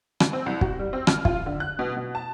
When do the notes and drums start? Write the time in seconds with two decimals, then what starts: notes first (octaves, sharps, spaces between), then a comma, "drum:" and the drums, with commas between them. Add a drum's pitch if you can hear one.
0.20 drum: rim click
0.33 C4
0.46 C2
0.61 F#4, drum: kick
0.79 G3
0.93 C4
1.07 F6, drum: rim click
1.25 F4, drum: kick
1.46 D3
1.60 F#6
1.79 B2
1.97 B2
2.15 A5